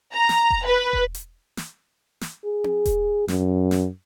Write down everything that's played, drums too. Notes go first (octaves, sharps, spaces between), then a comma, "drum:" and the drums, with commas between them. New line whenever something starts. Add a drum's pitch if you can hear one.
A#5
drum: snare
drum: kick E1
B4
drum: kick E1
drum: hi-hat
drum: snare
drum: snare
G#4
drum: tom C4
drum: kick E1, hi-hat
F#2, drum: snare
drum: snare